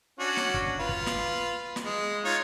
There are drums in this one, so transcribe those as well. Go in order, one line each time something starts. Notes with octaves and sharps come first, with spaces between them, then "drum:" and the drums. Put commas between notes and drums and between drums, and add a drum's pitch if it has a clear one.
C#4 D4 F#4
drum: snare
drum: kick
F4 B4
drum: kick
drum: snare
drum: snare
G#3
D#4 F4 C#5